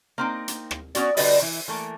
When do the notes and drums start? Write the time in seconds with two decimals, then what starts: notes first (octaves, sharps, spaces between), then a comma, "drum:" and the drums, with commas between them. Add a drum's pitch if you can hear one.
0.18 A#3 C4 D#4
0.48 drum: hi-hat
0.71 drum: rim click
0.95 B3 C#4 F#4 D5, drum: hi-hat
1.17 D3 G3 F#4 B4 D5 D#5, drum: open hi-hat
1.42 E3 E4
1.68 E3 A3 A#3